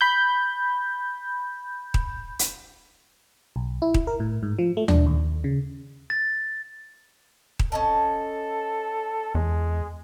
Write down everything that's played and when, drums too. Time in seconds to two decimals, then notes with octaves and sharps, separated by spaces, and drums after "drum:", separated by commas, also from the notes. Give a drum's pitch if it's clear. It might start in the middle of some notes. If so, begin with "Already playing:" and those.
0.01 B5 G6
1.94 drum: kick D#1
2.39 drum: hi-hat
3.56 B1
3.82 E4
3.94 drum: kick D#1
4.07 A#4
4.20 A2
4.43 G#2
4.59 F3
4.77 A3
4.88 D4, drum: tom D#2
5.06 D#2
5.44 C#3
6.10 A6
7.59 drum: kick D#1
7.72 C#4 A4 D#5 A5
9.35 E2 G#3